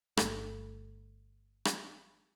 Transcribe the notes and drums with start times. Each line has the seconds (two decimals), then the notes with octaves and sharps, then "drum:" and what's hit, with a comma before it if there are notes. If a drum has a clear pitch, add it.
0.17 G1 A3, drum: rim click
1.65 drum: rim click